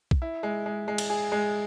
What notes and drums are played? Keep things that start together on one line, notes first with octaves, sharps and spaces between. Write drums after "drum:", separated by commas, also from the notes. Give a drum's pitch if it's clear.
drum: kick
E4
G#3
G#3
G#3
drum: cymbal
G#4
G#3